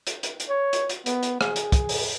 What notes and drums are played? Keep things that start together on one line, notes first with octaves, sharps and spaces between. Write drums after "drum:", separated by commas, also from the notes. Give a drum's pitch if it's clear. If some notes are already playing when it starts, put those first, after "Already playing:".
drum: hi-hat
drum: hi-hat
drum: hi-hat
C#5
drum: hi-hat
drum: hi-hat
B3, drum: hi-hat
drum: hi-hat
G#4, drum: rim click
drum: hi-hat
drum: kick, hi-hat
drum: open hi-hat